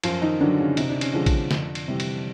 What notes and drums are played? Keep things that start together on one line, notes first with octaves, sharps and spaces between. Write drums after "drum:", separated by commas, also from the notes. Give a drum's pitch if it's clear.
F#2 F3 F4, drum: cymbal
D#3 D#4
D3 D#3 F#3 D4
C#3 C#4
C3 D#4, drum: cymbal
D4
C#4, drum: cymbal
D3 F3 G#3 D4
drum: kick A1, cymbal
F2, drum: snare
drum: cymbal
C3 E3 G3
drum: cymbal